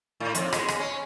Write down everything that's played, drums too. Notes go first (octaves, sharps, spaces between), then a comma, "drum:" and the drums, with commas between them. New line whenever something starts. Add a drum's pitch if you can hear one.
A2
F2, drum: hi-hat
G#3, drum: rim click
drum: rim click
C#4